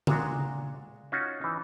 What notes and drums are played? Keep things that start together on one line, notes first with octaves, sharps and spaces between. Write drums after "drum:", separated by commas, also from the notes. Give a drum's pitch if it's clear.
A#2 G#3 D4 F#4, drum: tom C#3
C#4 D#4 F4 F#4
E3 D#4